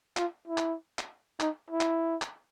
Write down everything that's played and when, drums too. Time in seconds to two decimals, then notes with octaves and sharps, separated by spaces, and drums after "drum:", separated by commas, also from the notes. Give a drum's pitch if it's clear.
0.17 F4, drum: clap
0.48 E4
0.58 drum: clap
0.99 drum: clap
1.40 D#4, drum: clap
1.70 E4
1.81 drum: clap
2.22 drum: clap